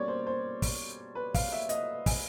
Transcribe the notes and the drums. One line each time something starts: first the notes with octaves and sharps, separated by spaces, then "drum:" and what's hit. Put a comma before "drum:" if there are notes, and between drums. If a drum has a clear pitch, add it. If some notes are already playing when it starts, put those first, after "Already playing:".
Already playing: B2 G3 A#3 C#4 C#5 D5
C5
C5
drum: kick, open hi-hat
B4
F5, drum: kick, open hi-hat
E5
D#5, drum: hi-hat
G#5, drum: kick, open hi-hat